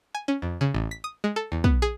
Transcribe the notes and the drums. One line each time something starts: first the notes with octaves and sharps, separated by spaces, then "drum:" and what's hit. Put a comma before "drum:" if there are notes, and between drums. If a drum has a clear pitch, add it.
G#5
C#4
F2
C#3
A1
B6
D#6
G#3
A4
E2
B3, drum: kick
G#4